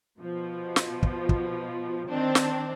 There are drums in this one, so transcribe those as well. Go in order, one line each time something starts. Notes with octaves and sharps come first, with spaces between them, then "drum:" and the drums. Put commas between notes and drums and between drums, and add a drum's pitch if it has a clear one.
B2 F3
drum: snare
drum: kick
drum: kick
D#3 C4 D4
drum: snare